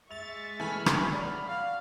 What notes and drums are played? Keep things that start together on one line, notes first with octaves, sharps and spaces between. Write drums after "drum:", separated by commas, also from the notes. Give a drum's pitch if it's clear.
G#3 E5 C#6 A6 F7
E3 A3 G#5 B5 F6
drum: rim click
F#4 D5
F5